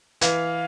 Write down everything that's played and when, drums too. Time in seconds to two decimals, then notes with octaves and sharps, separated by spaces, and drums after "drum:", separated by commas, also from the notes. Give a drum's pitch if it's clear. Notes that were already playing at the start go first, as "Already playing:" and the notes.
0.21 E3 F5, drum: hi-hat